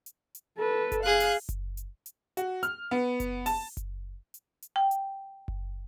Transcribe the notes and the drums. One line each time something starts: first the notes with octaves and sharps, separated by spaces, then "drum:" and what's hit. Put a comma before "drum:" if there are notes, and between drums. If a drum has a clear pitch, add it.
drum: hi-hat
drum: hi-hat
A4 B4
drum: kick F#1, hi-hat
G#4 F5 F#6
drum: open hi-hat
drum: kick F#1, hi-hat
drum: hi-hat
drum: hi-hat
F#4, drum: hi-hat
F6, drum: hi-hat
B3
drum: kick F#1, hi-hat
A5, drum: open hi-hat
drum: kick F#1, hi-hat
drum: hi-hat
drum: hi-hat
G5
drum: hi-hat
drum: kick F#1